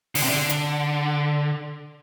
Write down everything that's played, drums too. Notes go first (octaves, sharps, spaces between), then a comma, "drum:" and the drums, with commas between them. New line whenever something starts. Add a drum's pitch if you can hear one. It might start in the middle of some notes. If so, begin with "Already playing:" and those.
D3, drum: open hi-hat
C3
D3
drum: hi-hat